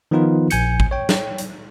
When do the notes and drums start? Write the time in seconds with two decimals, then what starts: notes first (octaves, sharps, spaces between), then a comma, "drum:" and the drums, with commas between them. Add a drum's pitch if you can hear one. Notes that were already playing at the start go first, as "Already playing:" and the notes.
0.11 D#3 F3 B3 D#4 F4 B4
0.50 A#1 G#5 G6 C#7, drum: hi-hat
0.80 drum: kick A1
0.91 C#5 G5
1.09 drum: snare
1.38 drum: hi-hat